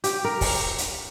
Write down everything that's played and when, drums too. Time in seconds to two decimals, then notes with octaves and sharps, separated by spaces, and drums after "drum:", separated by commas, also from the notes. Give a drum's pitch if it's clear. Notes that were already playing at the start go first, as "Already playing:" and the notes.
0.04 G4, drum: hi-hat
0.24 A#4
0.41 drum: kick, open hi-hat
0.78 drum: hi-hat